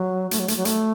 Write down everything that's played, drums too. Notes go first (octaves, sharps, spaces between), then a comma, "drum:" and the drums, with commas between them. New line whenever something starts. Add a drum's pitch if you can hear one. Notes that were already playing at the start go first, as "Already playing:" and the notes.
Already playing: F#3
A3, drum: hi-hat
F#3
A3, drum: hi-hat
F#3
A3, drum: hi-hat